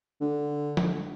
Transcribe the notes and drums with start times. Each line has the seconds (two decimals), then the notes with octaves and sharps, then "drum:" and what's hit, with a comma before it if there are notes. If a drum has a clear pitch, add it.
0.21 D3
0.77 drum: tom